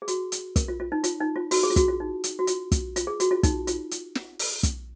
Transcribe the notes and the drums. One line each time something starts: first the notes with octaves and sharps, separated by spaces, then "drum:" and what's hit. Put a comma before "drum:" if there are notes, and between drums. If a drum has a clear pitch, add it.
G#4
F#4, drum: hi-hat
drum: hi-hat
A#4, drum: kick, hi-hat
F4
F4
D#4
F4, drum: hi-hat
D#4
F4
F#4, drum: open hi-hat
G#4
F4
F#4, drum: kick, hi-hat
F4
D#4
drum: hi-hat
F#4
F4, drum: hi-hat
drum: kick, hi-hat
F4, drum: hi-hat
G#4
F#4, drum: hi-hat
F4
D#4, drum: kick, hi-hat
F4, drum: hi-hat
drum: hi-hat
drum: snare
drum: open hi-hat
drum: kick, hi-hat